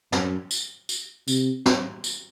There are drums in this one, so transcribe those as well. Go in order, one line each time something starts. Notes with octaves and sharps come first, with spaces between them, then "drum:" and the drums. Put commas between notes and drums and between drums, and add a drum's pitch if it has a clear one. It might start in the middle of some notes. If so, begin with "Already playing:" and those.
F#2, drum: snare
drum: tambourine
drum: tambourine
C3, drum: tambourine
drum: snare
drum: tambourine